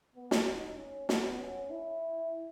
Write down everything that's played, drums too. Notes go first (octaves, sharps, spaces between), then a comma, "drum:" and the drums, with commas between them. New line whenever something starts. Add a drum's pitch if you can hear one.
B3
drum: snare
D#4
C#4
B3, drum: snare
C#4
E4